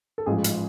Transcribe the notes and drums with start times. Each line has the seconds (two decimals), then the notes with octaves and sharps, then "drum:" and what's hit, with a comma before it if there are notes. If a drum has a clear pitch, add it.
0.18 A4
0.26 A1 G#2 F3 G#4
0.44 drum: hi-hat